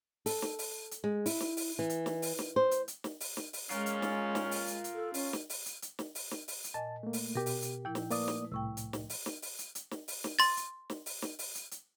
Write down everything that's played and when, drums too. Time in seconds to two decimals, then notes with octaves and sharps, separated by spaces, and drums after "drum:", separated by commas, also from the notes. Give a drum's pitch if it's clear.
0.26 A4, drum: open hi-hat
0.42 drum: snare
0.59 drum: open hi-hat
0.91 drum: hi-hat
1.04 G#3
1.26 E4, drum: open hi-hat
1.40 drum: snare
1.57 drum: open hi-hat
1.79 E3
1.90 drum: hi-hat
2.06 drum: snare
2.22 drum: open hi-hat
2.39 drum: snare
2.56 C5
2.71 drum: hi-hat
2.88 drum: hi-hat
3.04 drum: snare
3.20 drum: open hi-hat
3.37 drum: snare
3.53 drum: open hi-hat
3.70 G#3 C#4 F4 A#4, drum: hi-hat
3.86 drum: hi-hat
4.02 drum: snare
4.35 drum: snare
4.51 drum: open hi-hat
4.68 drum: hi-hat
4.84 drum: hi-hat
4.94 A4
5.14 C#4, drum: open hi-hat
5.33 drum: snare
5.50 drum: open hi-hat
5.66 drum: hi-hat
5.82 drum: hi-hat
5.99 drum: snare
6.15 drum: open hi-hat
6.31 drum: snare
6.48 drum: open hi-hat
6.64 drum: hi-hat
6.74 A#2 D#5 G#5 A5
7.03 A3 A#3
7.13 drum: open hi-hat
7.35 B2 G4 A#4
7.46 drum: open hi-hat
7.62 drum: hi-hat
7.85 A#2 F3 E4 G5
7.95 drum: snare
8.10 A3 A#3 B4 D5 D#6, drum: open hi-hat
8.28 drum: snare
8.52 C2 A2 G5 C#6 E6
8.77 drum: hi-hat
8.93 drum: snare
9.10 drum: open hi-hat
9.26 drum: snare
9.42 drum: open hi-hat
9.59 drum: hi-hat
9.75 drum: hi-hat
9.91 drum: snare
10.08 drum: open hi-hat
10.24 drum: snare
10.39 C6 A6, drum: open hi-hat
10.57 drum: hi-hat
10.90 drum: snare
11.06 drum: open hi-hat
11.22 drum: snare
11.39 drum: open hi-hat
11.55 drum: hi-hat
11.71 drum: hi-hat